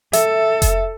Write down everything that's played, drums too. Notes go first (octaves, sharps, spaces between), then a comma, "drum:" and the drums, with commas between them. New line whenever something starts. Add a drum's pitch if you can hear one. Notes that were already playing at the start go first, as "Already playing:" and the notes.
A4 E5, drum: hi-hat
drum: kick F1, hi-hat